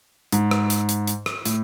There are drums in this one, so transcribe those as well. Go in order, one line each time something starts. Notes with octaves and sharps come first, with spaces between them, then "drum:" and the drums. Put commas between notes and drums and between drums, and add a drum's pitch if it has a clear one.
G#2, drum: hi-hat
drum: rim click
drum: hi-hat
drum: hi-hat
drum: hi-hat
drum: rim click
A2, drum: hi-hat